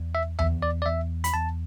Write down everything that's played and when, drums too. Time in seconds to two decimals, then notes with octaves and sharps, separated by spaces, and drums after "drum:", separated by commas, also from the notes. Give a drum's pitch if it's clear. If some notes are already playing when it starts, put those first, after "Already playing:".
Already playing: E2
0.15 E5
0.39 E2 E5, drum: tom D#2
0.62 D5
0.82 D5
0.86 E2 E5
1.24 B5, drum: hi-hat
1.34 E2 A5